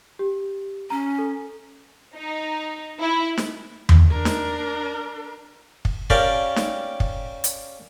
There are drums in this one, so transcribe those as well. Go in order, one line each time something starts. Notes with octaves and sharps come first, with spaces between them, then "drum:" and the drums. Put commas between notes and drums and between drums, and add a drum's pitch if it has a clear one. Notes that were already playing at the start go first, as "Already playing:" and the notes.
G4
C#4 A#5
A4
D#4
E4
drum: snare
drum: tom E2
D4 A#4
drum: snare
drum: kick
C#4 G4 A#4 D5 F5 G5, drum: kick
drum: snare
drum: kick
drum: hi-hat